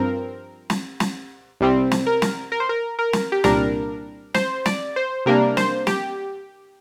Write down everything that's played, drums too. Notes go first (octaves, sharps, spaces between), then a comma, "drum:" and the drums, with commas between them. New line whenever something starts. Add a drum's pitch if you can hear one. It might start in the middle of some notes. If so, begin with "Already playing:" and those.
Already playing: G2 F3 C4 A#4
drum: snare
drum: snare
C2 C3 G3 C4
drum: snare
A#4
drum: snare
A#4
C5
A#4
A#4
drum: snare
G4
C2 A#2 G3 D4 A#4, drum: snare
C5, drum: snare
D5, drum: snare
C5
C3 G3 A#3 D4 A#4
C5, drum: snare
G4, drum: snare